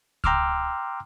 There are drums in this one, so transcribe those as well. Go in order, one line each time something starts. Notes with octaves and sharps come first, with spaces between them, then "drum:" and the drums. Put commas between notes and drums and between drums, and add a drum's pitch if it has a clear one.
G5 A#5 C6 D6 E6 F6, drum: kick C#2